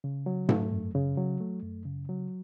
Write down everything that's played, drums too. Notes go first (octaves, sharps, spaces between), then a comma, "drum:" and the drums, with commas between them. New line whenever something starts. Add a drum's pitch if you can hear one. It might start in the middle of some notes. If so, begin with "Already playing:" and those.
C#3
F#3
A3, drum: tom G#2
F#2
C#3
F#3
A3
F#2
C#3
F#3